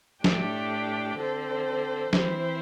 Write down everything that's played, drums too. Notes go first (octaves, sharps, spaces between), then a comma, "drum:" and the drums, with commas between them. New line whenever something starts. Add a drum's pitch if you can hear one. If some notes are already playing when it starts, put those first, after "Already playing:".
A2 A3 D4 G4, drum: snare
D3 C4 A4 C5
E3 C4 E4 C5, drum: snare